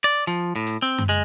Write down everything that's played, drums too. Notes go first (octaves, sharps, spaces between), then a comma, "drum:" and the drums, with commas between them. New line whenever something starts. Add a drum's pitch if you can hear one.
D5
F3
A2
drum: hi-hat
C4
drum: tom F#2
G#3